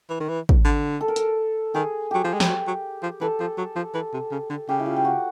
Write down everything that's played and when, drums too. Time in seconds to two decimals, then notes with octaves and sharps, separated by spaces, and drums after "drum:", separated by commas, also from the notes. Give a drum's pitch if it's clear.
0.10 E3
0.20 D#3
0.28 E3
0.49 drum: kick
0.64 D3
1.01 A4
1.08 A#4
1.16 A4, drum: hi-hat
1.75 D#3 G#4
2.11 F#3 G4
2.24 F3
2.34 G#3
2.40 G3, drum: snare
2.48 F#3
2.67 F#3
3.02 F3
3.21 E3 A4
3.40 F3
3.57 F#3
3.76 F3
3.94 E3
4.13 C3
4.31 C#3
4.50 D3
4.69 C#3 G4
4.80 E4
4.86 F4
4.96 G4
5.05 F#4